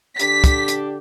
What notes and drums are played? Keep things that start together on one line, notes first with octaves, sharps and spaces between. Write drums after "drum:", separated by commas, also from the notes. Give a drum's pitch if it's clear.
D3 D4 G4 B6, drum: hi-hat
drum: kick, hi-hat
drum: hi-hat